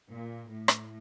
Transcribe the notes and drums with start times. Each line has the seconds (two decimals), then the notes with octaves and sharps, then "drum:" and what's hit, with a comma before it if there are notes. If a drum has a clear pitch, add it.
0.11 A#2
0.49 A2
0.68 drum: rim click